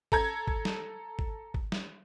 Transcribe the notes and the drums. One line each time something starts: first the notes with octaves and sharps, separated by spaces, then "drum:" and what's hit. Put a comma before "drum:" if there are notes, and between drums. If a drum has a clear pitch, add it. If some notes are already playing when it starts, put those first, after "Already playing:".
A4 A#5 G#6, drum: kick G#1
drum: kick G#1
drum: snare
drum: kick G#1
drum: kick G#1
drum: snare